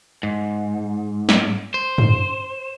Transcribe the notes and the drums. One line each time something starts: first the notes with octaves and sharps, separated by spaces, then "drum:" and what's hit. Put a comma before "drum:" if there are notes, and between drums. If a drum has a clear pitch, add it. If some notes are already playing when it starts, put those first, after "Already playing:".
G#2
drum: snare
C5
drum: tom